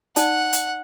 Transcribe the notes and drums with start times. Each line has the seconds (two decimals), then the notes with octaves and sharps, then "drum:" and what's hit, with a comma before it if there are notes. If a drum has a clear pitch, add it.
0.16 D#4 D5 F#5 A5, drum: hi-hat
0.53 drum: hi-hat